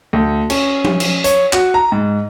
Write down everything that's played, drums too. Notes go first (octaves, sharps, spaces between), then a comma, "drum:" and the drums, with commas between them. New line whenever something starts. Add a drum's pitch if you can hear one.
D2
C#4, drum: cymbal
drum: tom
drum: cymbal
C#5, drum: hi-hat
F#4, drum: clap
A#5
G#2